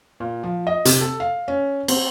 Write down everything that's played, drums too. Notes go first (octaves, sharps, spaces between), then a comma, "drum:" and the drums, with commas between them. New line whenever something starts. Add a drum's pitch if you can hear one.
A#2
F3
D#5
C3, drum: hi-hat
A4
F5
C#4
C4, drum: cymbal